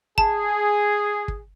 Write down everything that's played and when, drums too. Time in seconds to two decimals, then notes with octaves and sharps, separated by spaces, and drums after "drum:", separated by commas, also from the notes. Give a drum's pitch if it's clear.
0.18 G#4 A5, drum: kick
1.28 drum: kick